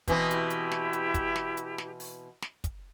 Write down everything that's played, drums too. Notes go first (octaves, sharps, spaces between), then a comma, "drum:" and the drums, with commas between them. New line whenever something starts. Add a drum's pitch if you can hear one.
B2 E3 C4 D#6, drum: kick, hi-hat
E4 G4, drum: hi-hat
drum: hi-hat
drum: snare
drum: hi-hat
drum: kick, hi-hat
drum: snare
drum: hi-hat
drum: snare
drum: open hi-hat
drum: snare
drum: kick, hi-hat